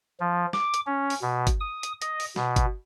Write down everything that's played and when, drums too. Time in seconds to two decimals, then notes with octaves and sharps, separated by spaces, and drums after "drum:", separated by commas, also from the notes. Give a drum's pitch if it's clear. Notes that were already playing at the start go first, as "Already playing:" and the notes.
0.20 F3
0.53 D6, drum: snare
0.74 drum: hi-hat
0.87 C#4
1.10 drum: open hi-hat
1.22 B2
1.47 drum: kick G1, hi-hat
1.60 D#6
1.83 drum: hi-hat
2.02 D#5, drum: hi-hat
2.20 drum: open hi-hat
2.36 B2, drum: snare
2.56 drum: kick G1, hi-hat